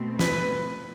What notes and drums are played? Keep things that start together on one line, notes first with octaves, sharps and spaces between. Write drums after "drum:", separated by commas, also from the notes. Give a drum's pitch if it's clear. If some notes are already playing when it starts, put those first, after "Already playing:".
Already playing: B2 A3 C4
B4, drum: snare